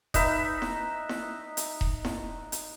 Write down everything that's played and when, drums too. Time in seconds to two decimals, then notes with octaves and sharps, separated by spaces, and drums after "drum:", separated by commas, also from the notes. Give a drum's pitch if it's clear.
0.14 D#4 B4 E5, drum: kick E1, hi-hat
0.62 drum: snare E4
1.09 drum: snare E4
1.57 drum: hi-hat
1.81 drum: kick E1
2.05 drum: snare E4
2.52 drum: hi-hat